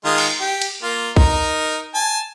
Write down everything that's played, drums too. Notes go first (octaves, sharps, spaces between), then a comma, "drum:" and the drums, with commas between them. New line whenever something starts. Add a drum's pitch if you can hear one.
D#3 G#3 F4
drum: cymbal
G4
drum: cymbal
A#3 F4
D#4 A#4, drum: kick
G#5 A5